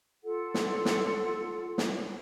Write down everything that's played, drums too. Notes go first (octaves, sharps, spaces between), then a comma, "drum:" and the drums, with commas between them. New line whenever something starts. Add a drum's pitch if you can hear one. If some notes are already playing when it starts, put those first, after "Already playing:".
F4 A4 F#5
drum: snare
drum: snare
drum: snare